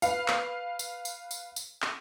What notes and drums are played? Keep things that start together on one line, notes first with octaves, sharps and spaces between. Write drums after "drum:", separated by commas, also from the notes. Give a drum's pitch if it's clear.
B4 F5, drum: tambourine
drum: clap
drum: tambourine
drum: tambourine
drum: tambourine
drum: tambourine
drum: clap